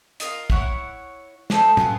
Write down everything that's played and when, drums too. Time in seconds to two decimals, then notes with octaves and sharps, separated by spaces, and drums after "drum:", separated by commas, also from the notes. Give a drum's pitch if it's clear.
0.20 F4 G#4 A#4 D#5, drum: hi-hat
0.50 E4 C#5 F#5, drum: kick
1.50 D#4 A4 C5, drum: snare
1.77 B3 C#4 F4 G#4, drum: tom